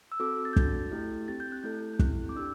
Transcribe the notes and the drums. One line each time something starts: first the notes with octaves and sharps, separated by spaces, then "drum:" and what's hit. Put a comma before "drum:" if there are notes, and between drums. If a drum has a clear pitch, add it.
E6
C4 F#4 A4 D6
A6
G6
D4 F#4 A4 A6, drum: kick
A3 E4 G4
C4 G4 A6
G6
F#6
A3 E4 A4 G6
G6
C4 E4 G4 F#6, drum: kick
D6
D4 G4 E6